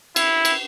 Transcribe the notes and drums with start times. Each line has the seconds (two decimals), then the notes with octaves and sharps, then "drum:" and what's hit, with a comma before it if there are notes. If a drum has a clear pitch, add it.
0.16 E4, drum: cymbal
0.45 drum: cymbal